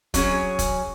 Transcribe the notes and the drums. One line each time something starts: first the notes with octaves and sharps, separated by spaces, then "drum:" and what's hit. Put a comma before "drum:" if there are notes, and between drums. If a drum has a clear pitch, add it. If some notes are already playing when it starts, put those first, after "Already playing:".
F#3 C#4 G#4, drum: kick E1, hi-hat
drum: kick E1, hi-hat